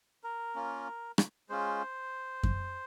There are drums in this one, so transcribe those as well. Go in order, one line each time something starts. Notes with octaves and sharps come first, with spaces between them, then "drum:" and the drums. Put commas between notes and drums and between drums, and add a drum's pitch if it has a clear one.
A#4
A#3 C#4 F4
drum: rim click
G#3 C#4 F4 C5
drum: kick F#2